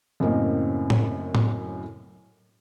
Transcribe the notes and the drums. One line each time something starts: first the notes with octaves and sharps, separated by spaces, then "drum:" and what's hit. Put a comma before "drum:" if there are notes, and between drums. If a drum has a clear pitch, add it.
F#2 A2 C#3 A#3 C4 D#5
drum: tom A2
drum: tom A2